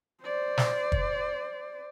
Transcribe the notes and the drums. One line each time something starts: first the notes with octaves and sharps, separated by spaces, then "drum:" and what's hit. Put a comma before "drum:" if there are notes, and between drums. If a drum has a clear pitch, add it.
C5 D5
drum: snare
drum: kick